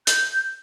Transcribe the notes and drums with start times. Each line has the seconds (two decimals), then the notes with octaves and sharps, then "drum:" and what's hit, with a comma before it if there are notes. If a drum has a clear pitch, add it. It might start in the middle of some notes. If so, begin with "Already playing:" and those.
0.07 G6, drum: hi-hat